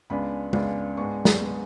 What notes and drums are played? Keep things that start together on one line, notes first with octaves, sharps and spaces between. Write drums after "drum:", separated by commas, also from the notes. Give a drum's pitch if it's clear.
C#2 C#3 G#3 B3 D4 B5
C#2 C#3 G#3 B3 D4, drum: tom G#3
G#2 G#3 B3 D4 C#6
drum: snare
G#3 B3 D4